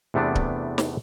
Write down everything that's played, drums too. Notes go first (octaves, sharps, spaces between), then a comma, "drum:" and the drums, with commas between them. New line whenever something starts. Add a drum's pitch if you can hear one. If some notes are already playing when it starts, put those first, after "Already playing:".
E2 C3 A3 B3 D4
drum: kick D1
drum: snare